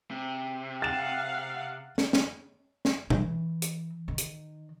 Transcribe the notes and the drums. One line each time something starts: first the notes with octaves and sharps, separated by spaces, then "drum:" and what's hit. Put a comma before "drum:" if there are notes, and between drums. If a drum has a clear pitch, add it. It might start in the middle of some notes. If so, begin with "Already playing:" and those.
C3
F5 F#5 A6 E7
drum: snare
drum: snare
drum: snare
E3, drum: tom
drum: hi-hat
D#3
drum: hi-hat